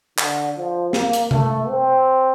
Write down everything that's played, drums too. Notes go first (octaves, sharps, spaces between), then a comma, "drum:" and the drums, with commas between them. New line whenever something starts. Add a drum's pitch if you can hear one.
D3, drum: clap
F3
A#3, drum: snare
drum: hi-hat
A3, drum: tom C3
C4